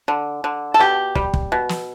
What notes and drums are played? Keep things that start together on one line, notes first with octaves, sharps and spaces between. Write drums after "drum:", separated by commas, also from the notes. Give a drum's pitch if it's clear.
D3
D3
A4
B2 G4
G3, drum: kick
drum: kick
B2
drum: snare